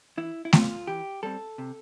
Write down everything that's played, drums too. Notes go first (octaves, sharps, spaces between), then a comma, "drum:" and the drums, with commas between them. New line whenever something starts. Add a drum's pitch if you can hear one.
E3 E4
E4
G3 C4 F4, drum: snare A3
E3 G4
G3 C4 A4
C3